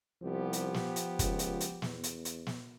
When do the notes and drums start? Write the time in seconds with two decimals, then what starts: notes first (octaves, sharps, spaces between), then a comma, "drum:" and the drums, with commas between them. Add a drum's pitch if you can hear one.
0.23 C2 F3 B3 G4
0.53 drum: hi-hat
0.74 drum: snare
0.96 drum: hi-hat
1.19 C#2, drum: kick, hi-hat
1.39 drum: hi-hat
1.60 drum: hi-hat
1.82 E2, drum: snare
2.04 drum: hi-hat
2.25 drum: hi-hat
2.47 drum: snare